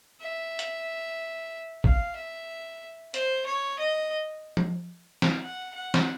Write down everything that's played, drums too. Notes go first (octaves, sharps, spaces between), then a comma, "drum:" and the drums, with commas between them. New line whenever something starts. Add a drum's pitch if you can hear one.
E5
drum: hi-hat
F5, drum: kick
E5
C5, drum: hi-hat
C#5
D#5
drum: tom F3
drum: snare
F#5
F#5
drum: snare